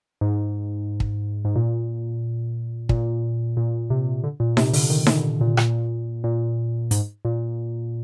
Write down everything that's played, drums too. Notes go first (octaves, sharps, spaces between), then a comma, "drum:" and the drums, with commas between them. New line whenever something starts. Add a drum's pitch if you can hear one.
G#2
drum: kick
G#2
A#2
A#2, drum: kick
A#2
C3
D3
A#2
C3, drum: snare D#4
D3, drum: open hi-hat
D#3
D3, drum: snare D#4
A#2
A#2, drum: rim click
A#2
G#2, drum: hi-hat
A#2